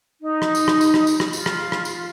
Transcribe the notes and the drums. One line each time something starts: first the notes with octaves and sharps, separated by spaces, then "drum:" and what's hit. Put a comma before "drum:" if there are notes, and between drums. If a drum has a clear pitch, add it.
D#4
drum: rim click
drum: tambourine
drum: rim click
drum: tambourine
drum: rim click
drum: tambourine
drum: rim click
F4, drum: tambourine
drum: rim click
drum: rim click
drum: tambourine